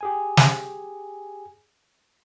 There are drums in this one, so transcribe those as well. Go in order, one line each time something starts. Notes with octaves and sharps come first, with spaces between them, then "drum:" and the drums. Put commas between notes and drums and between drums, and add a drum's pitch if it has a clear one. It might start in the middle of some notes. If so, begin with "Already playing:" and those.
G4 G#4 G#5
drum: snare